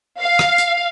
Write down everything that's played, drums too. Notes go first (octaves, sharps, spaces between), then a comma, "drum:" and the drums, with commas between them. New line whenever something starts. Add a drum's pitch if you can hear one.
F5
drum: rim click
drum: hi-hat